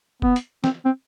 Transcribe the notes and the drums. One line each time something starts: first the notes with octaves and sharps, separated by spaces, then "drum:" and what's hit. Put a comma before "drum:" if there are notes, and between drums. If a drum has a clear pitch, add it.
B3, drum: kick
drum: hi-hat
C4, drum: snare
C4